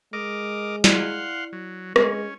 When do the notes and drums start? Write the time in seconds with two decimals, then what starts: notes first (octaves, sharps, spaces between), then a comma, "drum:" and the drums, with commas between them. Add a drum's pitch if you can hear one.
0.13 G#3 A#4 D#5 D6
0.84 E4 D5 F5 F#5 C6, drum: snare
1.53 F#3
1.96 G#3 C#4, drum: rim click